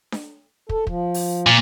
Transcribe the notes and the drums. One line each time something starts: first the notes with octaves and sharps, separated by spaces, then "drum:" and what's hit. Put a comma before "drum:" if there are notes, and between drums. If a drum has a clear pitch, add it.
drum: snare D4
A4, drum: kick
F3, drum: kick
drum: open hi-hat
A#2